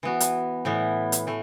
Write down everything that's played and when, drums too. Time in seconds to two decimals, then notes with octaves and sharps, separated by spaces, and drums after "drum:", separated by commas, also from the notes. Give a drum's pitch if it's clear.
0.03 E3 B3 F#4
0.20 drum: hi-hat
0.65 A2 E3 B3
1.12 drum: hi-hat
1.27 E3 A3